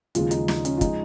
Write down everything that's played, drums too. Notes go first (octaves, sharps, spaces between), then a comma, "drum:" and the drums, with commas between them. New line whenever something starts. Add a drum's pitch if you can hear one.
D#2 C#3 F3 G#3 F4, drum: hi-hat
D#4, drum: hi-hat
D#4, drum: snare
C#4, drum: hi-hat
F4
F3 G#3 D#4, drum: kick, hi-hat